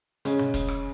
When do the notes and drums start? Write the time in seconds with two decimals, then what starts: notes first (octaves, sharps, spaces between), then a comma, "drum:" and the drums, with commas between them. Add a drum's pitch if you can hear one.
0.25 C#3 G#3 C#4, drum: hi-hat
0.39 drum: tom B2
0.54 drum: kick, hi-hat
0.68 drum: rim click